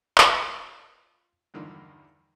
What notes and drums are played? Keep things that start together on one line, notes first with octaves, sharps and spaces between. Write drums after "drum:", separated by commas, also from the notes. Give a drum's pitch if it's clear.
F4, drum: clap
E2 G2 D3 D#3 F3 A#3